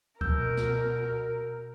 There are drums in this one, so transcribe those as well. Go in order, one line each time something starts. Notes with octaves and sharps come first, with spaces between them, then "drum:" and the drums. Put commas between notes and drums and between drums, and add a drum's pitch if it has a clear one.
B2 A#4 E6 G6, drum: kick C#2
drum: snare